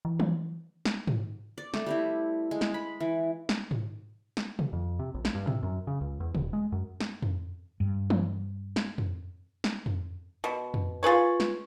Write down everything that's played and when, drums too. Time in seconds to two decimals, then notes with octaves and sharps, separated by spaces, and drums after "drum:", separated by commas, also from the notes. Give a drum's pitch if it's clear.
0.05 E3
0.20 drum: tom E3
0.85 drum: snare
1.07 drum: tom G#2
1.58 D5
1.74 A3, drum: snare
1.86 G3 C4 E4
2.51 G#3
2.61 drum: snare
2.74 B5
3.00 E3
3.49 drum: snare
3.71 drum: tom G#2
4.37 drum: snare
4.59 drum: tom B2
4.73 F2
4.99 C3
5.14 A#1
5.25 drum: snare
5.35 G2
5.47 C3, drum: tom G#2
5.63 F#2
5.87 C#3
6.01 C#2
6.20 E2
6.35 D#1, drum: tom B2
6.53 G#3
6.72 F#2
7.00 drum: snare
7.22 drum: tom F2
7.80 G2
8.10 drum: tom E3
8.76 drum: snare
8.98 drum: tom F2
9.64 drum: snare
9.86 drum: tom F2
10.44 B2
10.74 drum: tom F2
11.03 F4 G#4 B4 C#5
11.40 drum: snare